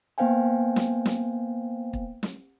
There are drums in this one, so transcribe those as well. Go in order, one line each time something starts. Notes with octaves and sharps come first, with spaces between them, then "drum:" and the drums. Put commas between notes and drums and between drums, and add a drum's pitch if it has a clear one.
A#3 B3 C5 F5 G5 G#5
drum: snare
drum: snare
drum: kick
drum: snare